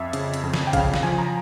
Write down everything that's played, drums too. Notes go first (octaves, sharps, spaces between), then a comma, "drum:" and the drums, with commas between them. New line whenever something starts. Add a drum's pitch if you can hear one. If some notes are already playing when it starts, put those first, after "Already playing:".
Already playing: F2 E5
C#3, drum: hi-hat
drum: hi-hat
F2
drum: snare
G5
C#3 F5, drum: kick, hi-hat
drum: snare
F3 G#5
A#5